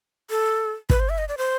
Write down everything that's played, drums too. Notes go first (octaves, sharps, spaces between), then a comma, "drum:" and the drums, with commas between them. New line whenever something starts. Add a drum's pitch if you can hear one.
A4
B4, drum: kick
C5
E5
D#5
D5
C5